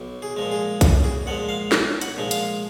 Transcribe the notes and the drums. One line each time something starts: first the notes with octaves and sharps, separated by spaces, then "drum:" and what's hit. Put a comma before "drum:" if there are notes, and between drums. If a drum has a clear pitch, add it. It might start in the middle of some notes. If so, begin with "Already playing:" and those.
Already playing: B1
G#4
A#2 F3 G#3
G#4
B1 F#4, drum: kick B1, hi-hat
G#4
A#2 F3 G#3 F#5
F5
B1 D#5, drum: snare
F#5, drum: hi-hat
A#2 F3 G#3
F5, drum: hi-hat